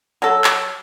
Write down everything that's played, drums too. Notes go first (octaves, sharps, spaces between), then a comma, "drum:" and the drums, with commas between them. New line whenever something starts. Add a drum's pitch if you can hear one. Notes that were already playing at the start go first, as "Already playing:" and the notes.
F#3 A4
drum: clap